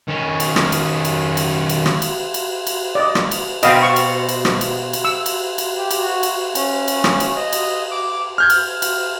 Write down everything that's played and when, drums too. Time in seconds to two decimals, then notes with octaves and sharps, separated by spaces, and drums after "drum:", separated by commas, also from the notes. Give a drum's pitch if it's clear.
0.08 D#3 C#4
0.40 drum: cymbal
0.56 drum: rim click
0.72 drum: cymbal
1.05 drum: cymbal
1.37 drum: cymbal
1.69 drum: cymbal
1.86 drum: rim click
2.02 drum: cymbal
2.34 drum: cymbal
2.67 drum: cymbal
2.95 D5 D#5
3.15 drum: rim click
3.31 drum: cymbal
3.63 B2 B3 C4 D#5 F5 G5, drum: cymbal
3.82 F5 C#6
3.96 drum: cymbal
4.29 drum: cymbal
4.45 drum: rim click
4.61 drum: cymbal
4.93 drum: cymbal
5.05 E6
5.26 drum: cymbal
5.58 drum: cymbal
5.78 G4
5.91 drum: cymbal
6.02 F#4
6.23 drum: cymbal
6.55 C#4, drum: cymbal
6.88 drum: cymbal
7.04 drum: rim click
7.20 drum: cymbal
7.36 D#5
7.53 drum: cymbal
7.91 D6
8.38 F6 G6 G#6
8.50 drum: cymbal
8.82 drum: cymbal